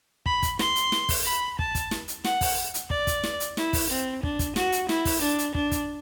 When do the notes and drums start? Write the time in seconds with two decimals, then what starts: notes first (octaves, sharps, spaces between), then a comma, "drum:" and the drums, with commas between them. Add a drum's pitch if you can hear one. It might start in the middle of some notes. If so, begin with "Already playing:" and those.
0.26 B5, drum: kick
0.42 drum: kick, hi-hat
0.59 C6, drum: snare
0.76 drum: hi-hat
0.92 drum: snare
1.09 drum: kick, open hi-hat
1.25 B5
1.59 A5, drum: kick
1.75 drum: kick, hi-hat
1.91 drum: snare
2.08 drum: hi-hat
2.24 F#5, drum: snare
2.41 drum: kick, open hi-hat
2.74 drum: hi-hat
2.90 D5, drum: kick
3.07 drum: kick, hi-hat
3.24 drum: snare
3.40 drum: hi-hat
3.57 E4, drum: snare
3.73 drum: kick, open hi-hat
3.90 C4
4.23 D4, drum: kick
4.39 drum: kick, hi-hat
4.56 F#4, drum: snare
4.72 drum: hi-hat
4.89 E4, drum: snare
5.05 drum: kick, open hi-hat
5.22 D4
5.38 drum: hi-hat
5.55 D4, drum: kick
5.71 drum: kick, hi-hat